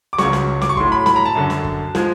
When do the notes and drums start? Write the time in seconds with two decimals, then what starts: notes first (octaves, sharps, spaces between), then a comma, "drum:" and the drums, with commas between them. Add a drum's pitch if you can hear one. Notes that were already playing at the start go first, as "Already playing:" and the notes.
0.13 D6
0.18 C#2 C#3 F#3 C#6, drum: snare
0.33 drum: snare
0.61 D6, drum: snare
0.69 C#6
0.77 A2 F#3 C6, drum: kick G1
0.92 B5
1.06 B5, drum: snare
1.16 A#5
1.26 A5
1.35 F#2 D3 F#3
1.50 drum: snare
1.64 drum: kick G1
1.95 F3 G#3, drum: snare